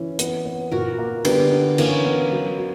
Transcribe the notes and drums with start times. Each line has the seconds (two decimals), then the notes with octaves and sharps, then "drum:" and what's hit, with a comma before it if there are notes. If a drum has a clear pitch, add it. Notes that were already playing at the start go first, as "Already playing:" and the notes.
Already playing: E3 C#4
0.19 B3, drum: hi-hat
0.45 B3
0.71 A#2 F#4 A#4
0.98 A#3
1.25 D3 G3 B3, drum: cymbal
1.52 D3
1.78 E3 A#3 C#4, drum: cymbal
2.05 B3
2.31 F#3
2.58 F#4